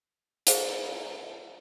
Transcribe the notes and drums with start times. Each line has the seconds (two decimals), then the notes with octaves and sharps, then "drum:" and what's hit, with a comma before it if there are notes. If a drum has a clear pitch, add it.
0.47 G#4 C5 F5, drum: hi-hat